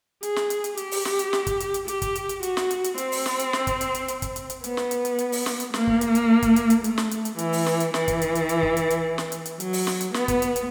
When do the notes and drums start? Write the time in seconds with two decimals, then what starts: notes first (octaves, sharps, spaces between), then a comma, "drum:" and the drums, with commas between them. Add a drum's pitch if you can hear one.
0.23 G#4, drum: hi-hat
0.36 drum: snare
0.50 drum: hi-hat
0.64 drum: hi-hat
0.77 G4, drum: hi-hat
0.91 drum: open hi-hat
1.05 drum: snare
1.19 drum: hi-hat
1.33 drum: snare
1.47 drum: kick, hi-hat
1.60 drum: hi-hat
1.74 drum: hi-hat
1.88 G4, drum: hi-hat
2.02 drum: kick, hi-hat
2.15 drum: hi-hat
2.29 drum: hi-hat
2.43 F#4, drum: hi-hat
2.57 drum: snare
2.71 drum: hi-hat
2.84 drum: hi-hat
2.98 C4, drum: hi-hat
3.12 drum: open hi-hat
3.26 drum: snare
3.39 drum: hi-hat
3.53 drum: snare
3.67 drum: kick, hi-hat
3.81 drum: hi-hat
3.95 drum: hi-hat
4.08 drum: hi-hat
4.22 drum: kick, hi-hat
4.36 drum: hi-hat
4.50 drum: hi-hat
4.64 B3, drum: hi-hat
4.77 drum: snare
4.91 drum: hi-hat
5.05 drum: hi-hat
5.18 drum: hi-hat
5.32 drum: open hi-hat
5.46 drum: snare
5.60 drum: hi-hat
5.74 A#3, drum: snare
5.87 drum: kick
6.01 drum: hi-hat
6.15 drum: hi-hat
6.42 drum: kick, hi-hat
6.56 drum: hi-hat
6.70 drum: hi-hat
6.84 A3, drum: hi-hat
6.98 drum: snare
7.11 drum: hi-hat
7.25 drum: hi-hat
7.38 E3, drum: hi-hat
7.53 drum: open hi-hat
7.66 drum: snare
7.80 drum: hi-hat
7.94 E3, drum: snare
8.08 drum: kick, hi-hat
8.22 drum: hi-hat
8.35 drum: hi-hat
8.49 drum: hi-hat
8.63 drum: kick
8.77 drum: hi-hat
8.90 drum: hi-hat
9.18 drum: snare
9.32 drum: hi-hat
9.46 drum: hi-hat
9.60 F#3, drum: hi-hat
9.73 drum: open hi-hat
9.87 drum: snare
10.01 drum: hi-hat
10.14 B3, drum: snare
10.28 drum: kick, hi-hat
10.42 drum: hi-hat
10.56 drum: hi-hat